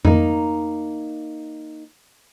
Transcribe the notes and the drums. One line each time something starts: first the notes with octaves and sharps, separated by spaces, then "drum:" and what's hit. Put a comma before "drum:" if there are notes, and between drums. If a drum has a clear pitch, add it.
A#3 D#4, drum: tom F2